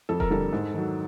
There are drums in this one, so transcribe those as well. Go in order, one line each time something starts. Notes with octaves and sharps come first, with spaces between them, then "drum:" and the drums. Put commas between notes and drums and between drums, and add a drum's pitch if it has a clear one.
F2 A4
A#4, drum: kick D#1
D3 G3 A4
G#2
D#3 F#3